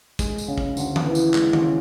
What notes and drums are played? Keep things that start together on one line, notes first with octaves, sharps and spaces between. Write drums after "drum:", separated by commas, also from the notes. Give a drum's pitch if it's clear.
G#3, drum: kick, tambourine
drum: tambourine
C#3
drum: kick
D2, drum: tambourine
drum: tom D#3
E3
drum: tambourine
G#3, drum: clap
drum: tom
C#3